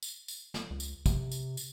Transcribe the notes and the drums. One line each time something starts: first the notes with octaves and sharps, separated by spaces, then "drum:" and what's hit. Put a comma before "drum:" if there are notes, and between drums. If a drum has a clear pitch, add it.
drum: tambourine
drum: tambourine
drum: snare
C#2
drum: tambourine
C3, drum: kick, tambourine
drum: tambourine
drum: tambourine